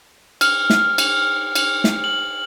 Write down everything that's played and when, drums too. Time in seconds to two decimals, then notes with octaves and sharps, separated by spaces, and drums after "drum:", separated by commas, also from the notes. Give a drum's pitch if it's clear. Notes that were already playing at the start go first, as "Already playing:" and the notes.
0.41 F6, drum: cymbal
0.70 drum: snare
0.98 drum: cymbal
1.55 drum: cymbal
1.84 drum: snare
2.04 F#7